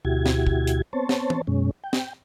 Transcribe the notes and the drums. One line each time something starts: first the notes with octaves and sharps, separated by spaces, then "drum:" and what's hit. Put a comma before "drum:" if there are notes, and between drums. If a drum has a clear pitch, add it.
D2 B2 E4 F#4 G4 G#6
drum: snare
drum: kick
drum: hi-hat
B3 C4 C5 C#5 A5
drum: snare
drum: tom
F#2 B2 G#3 C#4
G5
drum: snare